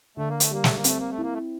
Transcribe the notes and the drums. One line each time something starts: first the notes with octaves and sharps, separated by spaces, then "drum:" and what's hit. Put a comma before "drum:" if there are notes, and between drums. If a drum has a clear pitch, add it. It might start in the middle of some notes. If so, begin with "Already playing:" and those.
D3 A3
A#3
A3, drum: hi-hat
G3 A#3
A3, drum: snare
A#3
A3 C4, drum: hi-hat
A#3
A3
A#3 E4
A3